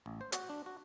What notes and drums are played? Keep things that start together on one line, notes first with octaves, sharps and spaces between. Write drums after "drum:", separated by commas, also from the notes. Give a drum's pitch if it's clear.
A1
C5
F#4, drum: hi-hat
D4
F#4